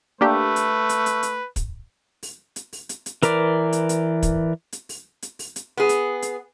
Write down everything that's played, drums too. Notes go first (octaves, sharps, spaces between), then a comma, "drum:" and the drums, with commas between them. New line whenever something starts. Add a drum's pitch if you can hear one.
A3 A#3 D4 G4 B4
drum: hi-hat
drum: hi-hat
drum: hi-hat
drum: hi-hat
drum: kick, hi-hat
drum: open hi-hat
drum: hi-hat
drum: open hi-hat
drum: hi-hat
drum: hi-hat
E3 A#4 B4 D5, drum: hi-hat
drum: hi-hat
drum: hi-hat
drum: kick, hi-hat
drum: hi-hat
drum: open hi-hat
drum: hi-hat
drum: open hi-hat
drum: hi-hat
B3 G#4
drum: hi-hat
drum: hi-hat